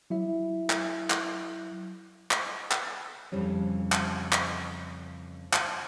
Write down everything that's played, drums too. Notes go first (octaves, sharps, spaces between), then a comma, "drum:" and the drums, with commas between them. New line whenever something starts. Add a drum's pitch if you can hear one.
F#3 E4 E5
drum: clap
drum: clap
drum: clap
drum: clap
F2 C#3 E3 G3 C#4
drum: clap
drum: clap
drum: clap